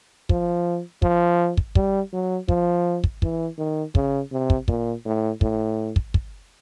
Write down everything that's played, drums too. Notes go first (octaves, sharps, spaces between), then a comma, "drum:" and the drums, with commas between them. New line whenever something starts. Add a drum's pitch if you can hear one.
F3, drum: kick
F3, drum: kick
drum: kick
G3, drum: kick
F#3
F3, drum: kick
drum: kick
E3, drum: kick
D#3
C#3, drum: kick
C3
drum: kick
A#2, drum: kick
A2
A2, drum: kick
drum: kick
drum: kick